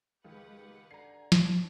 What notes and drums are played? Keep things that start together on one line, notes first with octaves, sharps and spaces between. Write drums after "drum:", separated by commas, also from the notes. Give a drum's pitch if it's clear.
C#2 D#3 G#3 G4 B4 F#5
D3 G#5 A#5 C7
C4 D4 A5 C6, drum: snare